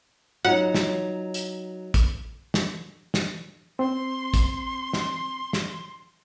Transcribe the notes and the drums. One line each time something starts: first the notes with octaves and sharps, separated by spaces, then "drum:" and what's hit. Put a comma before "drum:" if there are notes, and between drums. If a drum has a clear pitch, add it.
F#3 D#4 F4 C#5 F#5
drum: snare
drum: hi-hat
drum: kick, hi-hat
drum: snare
drum: snare
C4 C6
drum: kick, hi-hat
drum: snare
drum: snare